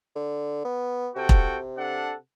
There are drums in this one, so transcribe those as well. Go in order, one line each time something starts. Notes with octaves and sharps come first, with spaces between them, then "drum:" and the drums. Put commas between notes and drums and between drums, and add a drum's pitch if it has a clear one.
D3
B3
C3 F#4 A4 G5
drum: kick E1
D4 A4 F#5